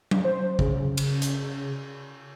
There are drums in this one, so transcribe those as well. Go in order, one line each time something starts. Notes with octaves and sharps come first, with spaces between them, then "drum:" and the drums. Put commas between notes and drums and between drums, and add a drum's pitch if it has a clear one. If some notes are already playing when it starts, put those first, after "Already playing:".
drum: tom F#3
C5
C#3, drum: kick
drum: cymbal
drum: hi-hat